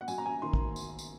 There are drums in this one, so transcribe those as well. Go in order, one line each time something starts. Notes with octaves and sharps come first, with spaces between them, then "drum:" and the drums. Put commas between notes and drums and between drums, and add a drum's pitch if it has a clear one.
F#5
F#2 G#5, drum: tambourine
A#5
G#5
D#3 A#3 C6
drum: kick
drum: tambourine
drum: tambourine